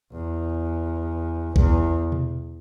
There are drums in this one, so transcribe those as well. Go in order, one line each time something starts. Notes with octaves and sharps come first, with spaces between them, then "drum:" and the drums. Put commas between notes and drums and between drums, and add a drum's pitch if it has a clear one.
E2
E2, drum: kick A1
drum: tom B2